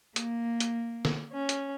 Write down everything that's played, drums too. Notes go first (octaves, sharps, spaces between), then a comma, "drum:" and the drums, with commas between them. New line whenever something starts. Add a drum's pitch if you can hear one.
A#3, drum: hi-hat
drum: hi-hat
drum: snare
C#4
drum: hi-hat